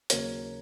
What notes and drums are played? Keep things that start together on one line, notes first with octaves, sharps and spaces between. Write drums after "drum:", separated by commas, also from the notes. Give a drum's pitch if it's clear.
D#2 C#3 F#3 A#3 A#4 C#5, drum: hi-hat